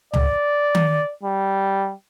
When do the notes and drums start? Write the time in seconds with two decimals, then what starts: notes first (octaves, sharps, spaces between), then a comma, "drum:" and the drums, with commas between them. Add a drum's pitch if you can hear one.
0.14 D5, drum: tom C#2
0.75 drum: tom D#3
1.23 G3